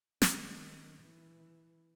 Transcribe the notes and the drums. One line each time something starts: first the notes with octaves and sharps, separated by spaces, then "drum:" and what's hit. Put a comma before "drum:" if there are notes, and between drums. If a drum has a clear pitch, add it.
D#3, drum: snare
E3